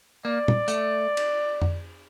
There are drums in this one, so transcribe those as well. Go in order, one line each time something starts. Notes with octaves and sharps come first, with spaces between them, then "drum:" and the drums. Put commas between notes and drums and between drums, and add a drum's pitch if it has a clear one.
A#3 D5
drum: tom A#2
A3, drum: hi-hat
drum: cymbal
drum: tom F2